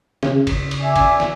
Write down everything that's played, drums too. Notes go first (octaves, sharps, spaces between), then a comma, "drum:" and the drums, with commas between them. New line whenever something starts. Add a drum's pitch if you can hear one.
C#3, drum: snare
drum: kick, cymbal
drum: cymbal
D5 E5 G#5
drum: kick, cymbal
drum: snare